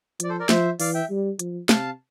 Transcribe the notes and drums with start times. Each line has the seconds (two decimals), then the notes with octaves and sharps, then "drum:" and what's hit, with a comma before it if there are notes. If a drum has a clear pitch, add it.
0.20 F3 D5, drum: hi-hat
0.29 A4 C5
0.40 A#4 D5
0.49 F3 C5 E5, drum: snare
0.80 E3 D5 F5, drum: open hi-hat
0.94 E5 G5
1.10 G3
1.39 F3, drum: hi-hat
1.69 C3 F5 A5, drum: snare